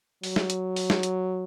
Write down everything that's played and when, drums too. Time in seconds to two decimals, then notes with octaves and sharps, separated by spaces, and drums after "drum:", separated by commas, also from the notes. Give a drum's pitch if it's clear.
0.23 F#3, drum: open hi-hat
0.36 drum: snare
0.50 drum: hi-hat
0.76 drum: open hi-hat
0.90 drum: snare
1.03 drum: hi-hat